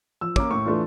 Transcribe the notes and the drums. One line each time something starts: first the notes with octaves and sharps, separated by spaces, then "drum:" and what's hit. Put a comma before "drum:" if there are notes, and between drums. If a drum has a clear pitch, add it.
F3 E6
A#3 C#4 D6, drum: kick
A2 C#6
E3 A3 D4 F4